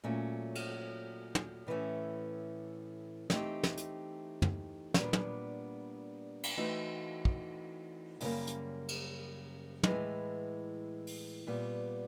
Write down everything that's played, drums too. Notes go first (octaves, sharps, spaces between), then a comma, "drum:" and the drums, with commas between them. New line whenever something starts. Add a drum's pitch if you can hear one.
A#2 F#3 A3 C#4
drum: cymbal
drum: tom
A2 E3 A3 C#4
E3 A3 C4 D#4 G4, drum: snare
drum: snare
drum: hi-hat
drum: tom
A#2 G3 B3 D4, drum: snare
drum: tom
drum: cymbal
E3 A3 C4 D#4 F#4
drum: kick
F#2 C#3 E3 G3 A#3, drum: open hi-hat
drum: hi-hat
drum: cymbal
A2 E3 G#3, drum: tom
drum: open hi-hat
A#2 G3 B3